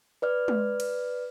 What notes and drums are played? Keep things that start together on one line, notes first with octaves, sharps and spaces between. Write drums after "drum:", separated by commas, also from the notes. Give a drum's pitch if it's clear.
B4 D5 F6
drum: tom G#3
drum: cymbal